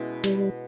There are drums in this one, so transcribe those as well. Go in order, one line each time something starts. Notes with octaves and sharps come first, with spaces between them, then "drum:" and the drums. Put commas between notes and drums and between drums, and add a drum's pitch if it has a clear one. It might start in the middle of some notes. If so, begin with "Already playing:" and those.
Already playing: B2 G#3 C#4 E4
G3, drum: hi-hat